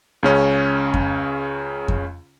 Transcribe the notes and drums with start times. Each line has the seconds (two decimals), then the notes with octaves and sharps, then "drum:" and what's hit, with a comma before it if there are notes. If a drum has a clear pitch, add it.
0.23 C#2 C#3 C#4
0.94 drum: kick F2
1.88 drum: kick F2